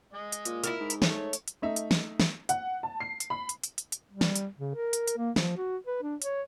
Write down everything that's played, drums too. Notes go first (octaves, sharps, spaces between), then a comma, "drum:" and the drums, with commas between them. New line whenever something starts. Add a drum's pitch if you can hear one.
G#3 D#5
drum: hi-hat
A#2, drum: hi-hat
E4 F#4 A#4, drum: hi-hat
G#2
drum: hi-hat
A3 C#5, drum: snare
drum: hi-hat
drum: hi-hat
A3 D#4 E5
drum: hi-hat
drum: snare
drum: snare
F#5, drum: hi-hat
A5
C7
drum: hi-hat
B5
drum: hi-hat
drum: hi-hat
drum: hi-hat
drum: hi-hat
G3
drum: snare
drum: hi-hat
C#3
A#4
drum: hi-hat
drum: hi-hat
A#3
F3, drum: snare
F#4
B4
D4
C#5, drum: hi-hat